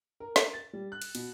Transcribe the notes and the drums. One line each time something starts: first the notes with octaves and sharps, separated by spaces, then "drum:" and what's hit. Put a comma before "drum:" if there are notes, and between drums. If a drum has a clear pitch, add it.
A#4
drum: snare
A6
G3
F#6
drum: cymbal
B2, drum: cymbal